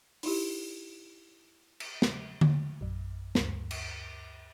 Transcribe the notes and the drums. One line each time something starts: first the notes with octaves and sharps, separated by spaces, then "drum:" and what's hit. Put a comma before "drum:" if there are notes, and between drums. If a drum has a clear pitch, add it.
D#4 E4 G4, drum: open hi-hat
drum: cymbal
drum: snare
drum: tom D3
A#1 F#2
D2 G2, drum: snare
drum: cymbal